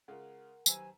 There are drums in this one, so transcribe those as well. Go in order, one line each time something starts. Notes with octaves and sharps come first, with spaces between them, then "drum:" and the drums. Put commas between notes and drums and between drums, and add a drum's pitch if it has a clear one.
C#3 G#3 F4 A#4 F#5
D#2 F#3 G4 B4 C5 E5 G#5, drum: tambourine